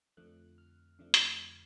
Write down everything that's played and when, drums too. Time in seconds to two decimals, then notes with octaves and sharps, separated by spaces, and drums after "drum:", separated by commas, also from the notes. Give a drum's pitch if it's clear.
0.17 F2 D3 F3 A3 F#6
0.58 F6
0.99 F2 D3 F3 A3
1.14 drum: hi-hat